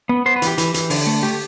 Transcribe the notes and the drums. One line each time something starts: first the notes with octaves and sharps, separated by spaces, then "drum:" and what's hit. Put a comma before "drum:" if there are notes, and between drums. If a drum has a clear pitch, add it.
B3
B3 C5
B4
E3 G4, drum: hi-hat
E3, drum: hi-hat
E3, drum: hi-hat
D3, drum: open hi-hat
A3
A3 G4